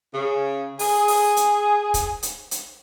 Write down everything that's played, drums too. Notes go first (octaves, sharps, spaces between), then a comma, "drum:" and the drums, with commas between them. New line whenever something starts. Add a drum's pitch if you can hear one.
C#3
G#4, drum: open hi-hat
drum: open hi-hat
drum: hi-hat
drum: kick, hi-hat
drum: hi-hat
drum: hi-hat